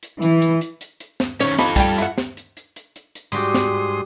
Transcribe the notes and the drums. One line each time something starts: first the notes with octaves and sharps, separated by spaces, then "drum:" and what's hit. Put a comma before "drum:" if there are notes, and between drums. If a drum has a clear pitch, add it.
drum: hi-hat
E3, drum: hi-hat
drum: hi-hat
drum: hi-hat
drum: hi-hat
drum: hi-hat
drum: snare
D#3 C#4 C#5, drum: hi-hat
D4 D#4 F4 A4 B5, drum: snare
G3 G4, drum: kick, hi-hat
E4 F#5, drum: hi-hat
drum: snare
drum: hi-hat
drum: hi-hat
drum: hi-hat
drum: hi-hat
drum: hi-hat
G#2 G3 F#4 G4 C6 D#6, drum: hi-hat
drum: snare